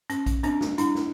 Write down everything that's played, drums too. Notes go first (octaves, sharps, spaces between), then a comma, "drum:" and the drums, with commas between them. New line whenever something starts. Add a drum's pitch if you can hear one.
C#4, drum: hi-hat
drum: kick, hi-hat
C4 D4, drum: hi-hat
drum: snare
D4 E4, drum: hi-hat
drum: snare